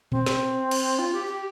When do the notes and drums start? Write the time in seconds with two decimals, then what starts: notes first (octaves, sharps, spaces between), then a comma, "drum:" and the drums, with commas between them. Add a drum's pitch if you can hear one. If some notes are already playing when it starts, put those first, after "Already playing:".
0.12 C4, drum: tom A#2
0.26 drum: snare
0.71 drum: cymbal
0.99 F4
1.13 G4
1.27 G4